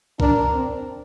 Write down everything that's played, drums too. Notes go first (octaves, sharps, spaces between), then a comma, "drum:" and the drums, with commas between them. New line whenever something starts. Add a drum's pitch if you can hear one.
D4 A#4, drum: kick
C4